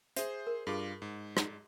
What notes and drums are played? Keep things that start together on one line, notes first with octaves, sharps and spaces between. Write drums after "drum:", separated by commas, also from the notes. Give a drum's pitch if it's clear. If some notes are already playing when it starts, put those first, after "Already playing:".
G#4 C5 E5, drum: hi-hat
A#4
G2 F4 G#4 D6
G#2
drum: rim click